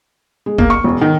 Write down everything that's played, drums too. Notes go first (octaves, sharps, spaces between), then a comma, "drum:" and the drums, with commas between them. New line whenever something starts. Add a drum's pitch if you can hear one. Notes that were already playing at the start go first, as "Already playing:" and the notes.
G#3
A#3, drum: kick
C#6
E1
D#3